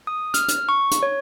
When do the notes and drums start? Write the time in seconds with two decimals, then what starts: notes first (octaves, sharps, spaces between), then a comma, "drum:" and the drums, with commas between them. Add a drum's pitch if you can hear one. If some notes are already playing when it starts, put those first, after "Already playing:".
0.07 D#6
0.34 F6, drum: hi-hat
0.48 drum: hi-hat
0.69 C#6
0.91 drum: hi-hat
1.03 C#5